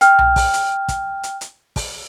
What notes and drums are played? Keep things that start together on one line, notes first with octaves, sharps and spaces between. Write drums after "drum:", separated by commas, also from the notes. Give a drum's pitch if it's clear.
G5 F6, drum: hi-hat
drum: tom B1
drum: kick, open hi-hat
drum: hi-hat
drum: kick, hi-hat
drum: hi-hat
drum: hi-hat
drum: kick, open hi-hat